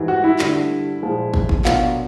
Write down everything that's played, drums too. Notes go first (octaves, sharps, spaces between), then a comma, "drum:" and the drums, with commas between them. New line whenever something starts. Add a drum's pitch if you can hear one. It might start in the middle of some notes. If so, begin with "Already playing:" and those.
Already playing: G#2 E3 G3
F#4
E4
G2 D3 G3, drum: clap
A#2 F3 G#3
drum: kick
drum: kick
B2 F#3 A#3 D4 F4, drum: clap